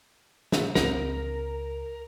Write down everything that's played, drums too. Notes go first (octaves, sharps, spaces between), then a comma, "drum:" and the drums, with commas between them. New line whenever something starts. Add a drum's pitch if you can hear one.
drum: snare
C#2 C4 A#4, drum: snare